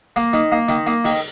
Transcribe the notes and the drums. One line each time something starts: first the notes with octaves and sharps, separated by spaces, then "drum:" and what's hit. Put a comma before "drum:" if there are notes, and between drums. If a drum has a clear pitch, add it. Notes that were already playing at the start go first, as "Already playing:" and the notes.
A#3, drum: hi-hat
D#3, drum: hi-hat
A#3
D#3, drum: hi-hat
A#3, drum: hi-hat
D#3, drum: open hi-hat